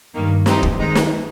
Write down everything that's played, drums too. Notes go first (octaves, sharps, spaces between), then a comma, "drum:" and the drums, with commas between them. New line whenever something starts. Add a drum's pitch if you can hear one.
G2 D#3 A#3
G2 F3 C4 D#4 G4, drum: snare
drum: kick
D#3 G#3 D#4
drum: snare